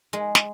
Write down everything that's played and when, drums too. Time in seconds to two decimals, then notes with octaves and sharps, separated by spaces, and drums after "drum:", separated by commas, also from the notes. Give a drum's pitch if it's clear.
0.13 G#3
0.35 drum: snare